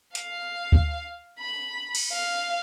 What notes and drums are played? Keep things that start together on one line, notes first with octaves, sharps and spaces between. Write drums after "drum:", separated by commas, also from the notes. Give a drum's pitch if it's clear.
F5, drum: hi-hat
drum: kick D2
B5
drum: cymbal
F5